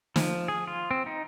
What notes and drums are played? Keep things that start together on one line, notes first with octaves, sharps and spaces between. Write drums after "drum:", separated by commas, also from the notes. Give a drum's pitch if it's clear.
F3, drum: snare
G#4
F4
C4
D#4